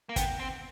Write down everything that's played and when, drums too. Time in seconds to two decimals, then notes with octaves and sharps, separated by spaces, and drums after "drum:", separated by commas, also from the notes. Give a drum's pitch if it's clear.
0.09 A#3
0.16 B3 G5, drum: kick, hi-hat
0.39 C4